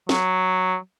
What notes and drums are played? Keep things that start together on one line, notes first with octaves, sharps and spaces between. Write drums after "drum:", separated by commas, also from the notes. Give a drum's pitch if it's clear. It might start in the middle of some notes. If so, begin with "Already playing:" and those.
F#3, drum: snare